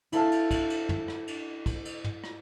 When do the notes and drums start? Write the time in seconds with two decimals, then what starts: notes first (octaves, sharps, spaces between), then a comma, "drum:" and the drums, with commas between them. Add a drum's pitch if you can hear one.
0.12 E4 A4 F5 A5, drum: cymbal
0.31 drum: cymbal
0.51 drum: kick, cymbal
0.70 drum: cymbal
0.89 drum: tom
1.08 drum: rim click
1.28 drum: cymbal
1.66 drum: kick, cymbal
1.85 drum: cymbal
2.04 drum: tom
2.24 drum: rim click